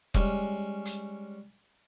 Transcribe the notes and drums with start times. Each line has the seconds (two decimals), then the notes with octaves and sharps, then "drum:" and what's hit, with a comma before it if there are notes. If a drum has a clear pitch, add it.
0.14 G3 G#3 C#4, drum: kick
0.85 drum: hi-hat